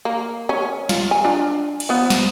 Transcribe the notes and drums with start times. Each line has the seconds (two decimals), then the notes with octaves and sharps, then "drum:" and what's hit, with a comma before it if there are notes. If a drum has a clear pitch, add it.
0.05 A#3
0.49 C#4
0.89 F4, drum: snare
1.11 G#5
1.25 D4 F4
1.80 drum: cymbal
1.89 F3 B3
2.10 drum: snare